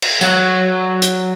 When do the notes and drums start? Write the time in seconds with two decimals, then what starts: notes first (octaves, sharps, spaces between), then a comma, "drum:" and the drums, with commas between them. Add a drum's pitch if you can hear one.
0.02 drum: cymbal
0.21 F#3 F#5, drum: tambourine
1.02 drum: hi-hat